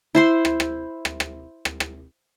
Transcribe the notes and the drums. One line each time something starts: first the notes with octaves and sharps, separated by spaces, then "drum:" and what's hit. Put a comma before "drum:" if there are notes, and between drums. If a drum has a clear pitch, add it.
E4 C5 C6
drum: rim click
drum: rim click
drum: rim click
drum: rim click
drum: rim click
drum: rim click